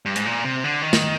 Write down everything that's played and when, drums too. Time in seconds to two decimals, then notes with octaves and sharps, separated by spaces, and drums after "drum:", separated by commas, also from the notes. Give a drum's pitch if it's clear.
0.06 G2
0.16 G#2, drum: hi-hat
0.26 A#2
0.45 C3
0.64 D3
0.82 D#3
0.93 drum: snare